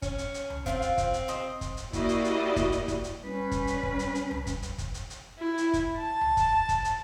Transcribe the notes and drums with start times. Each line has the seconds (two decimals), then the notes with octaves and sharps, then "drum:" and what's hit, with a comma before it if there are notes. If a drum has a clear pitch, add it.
0.02 C#4, drum: kick, hi-hat
0.18 drum: hi-hat
0.34 drum: hi-hat
0.50 drum: tom C#2
0.66 C4 F4 F5 F#5, drum: kick, hi-hat
0.82 drum: hi-hat
0.98 drum: kick, hi-hat
1.14 drum: hi-hat
1.28 C5 D#5, drum: hi-hat
1.61 drum: kick, hi-hat
1.77 drum: hi-hat
1.93 A#3 E4 F#4 G4 D5 D#5, drum: kick, hi-hat
2.09 drum: hi-hat
2.25 drum: hi-hat
2.56 drum: kick, hi-hat
2.72 drum: hi-hat
2.88 drum: kick, hi-hat
3.04 drum: hi-hat
3.25 G3 C#4 B4
3.51 drum: kick, hi-hat
3.67 drum: hi-hat
3.83 drum: kick
3.99 drum: hi-hat
4.15 drum: hi-hat
4.31 drum: tom C#2
4.47 drum: kick, hi-hat
4.63 drum: hi-hat
4.78 drum: kick, hi-hat
4.94 drum: hi-hat
5.10 drum: hi-hat
5.39 E4
5.58 drum: hi-hat
5.74 drum: kick, hi-hat
5.96 A5
6.21 drum: tom C#2
6.37 drum: kick, hi-hat
6.69 drum: kick, hi-hat
6.85 drum: hi-hat